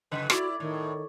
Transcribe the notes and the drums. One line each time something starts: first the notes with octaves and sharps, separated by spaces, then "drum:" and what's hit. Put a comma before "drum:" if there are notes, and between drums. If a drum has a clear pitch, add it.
F#2 C#3 B4
E4 F#4 D5, drum: rim click
A2 D#3